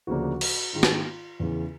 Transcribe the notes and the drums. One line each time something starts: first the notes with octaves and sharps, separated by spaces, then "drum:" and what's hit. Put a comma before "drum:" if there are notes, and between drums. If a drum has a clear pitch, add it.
D2 C#3 F3 A#3 D4 F#4
drum: cymbal
G#2 D#3 G#3 F4
drum: snare
E2 C#3 E3